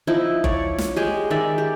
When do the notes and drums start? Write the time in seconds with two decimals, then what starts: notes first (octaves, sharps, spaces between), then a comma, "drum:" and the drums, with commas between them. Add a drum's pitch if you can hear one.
0.07 F3 D#4 E4
0.44 C#5 D5, drum: kick F#1
0.78 drum: snare
0.96 G#3 G4 G#4
1.31 D#3 G#3 D5 E5
1.58 G4